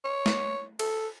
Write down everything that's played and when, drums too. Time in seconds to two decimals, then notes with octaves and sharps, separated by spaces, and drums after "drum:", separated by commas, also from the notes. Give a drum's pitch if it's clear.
0.04 C#5
0.26 drum: snare
0.79 A4, drum: cymbal